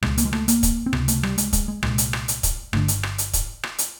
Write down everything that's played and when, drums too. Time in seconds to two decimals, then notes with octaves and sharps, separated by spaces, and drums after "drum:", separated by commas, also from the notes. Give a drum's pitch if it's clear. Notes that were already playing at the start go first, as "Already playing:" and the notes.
0.02 C#2 B2 G#3, drum: rim click
0.18 A#3, drum: hi-hat
0.25 G#3
0.33 A3, drum: rim click
0.48 A#3, drum: hi-hat
0.63 drum: kick, hi-hat
0.86 C4
0.93 C#2 C3 B3, drum: rim click
1.08 A3, drum: hi-hat
1.23 G3, drum: rim click
1.38 G#3, drum: hi-hat
1.53 G#3, drum: kick, hi-hat
1.68 G#3
1.83 C2 A#2 G#3, drum: rim click
1.98 drum: hi-hat
2.13 drum: rim click
2.28 drum: hi-hat
2.43 drum: kick, hi-hat
2.73 G1 D3 A3, drum: rim click
2.88 drum: hi-hat
3.03 drum: rim click
3.18 drum: hi-hat
3.33 drum: kick, hi-hat
3.63 drum: rim click
3.78 drum: hi-hat